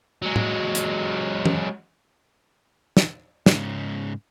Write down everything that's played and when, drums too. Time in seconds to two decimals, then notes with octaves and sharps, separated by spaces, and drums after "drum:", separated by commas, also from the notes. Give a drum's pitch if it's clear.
0.22 F#3 G#3
0.36 drum: tom A2
0.75 drum: hi-hat
1.46 drum: tom
2.97 drum: snare
3.46 G#2 C#3, drum: snare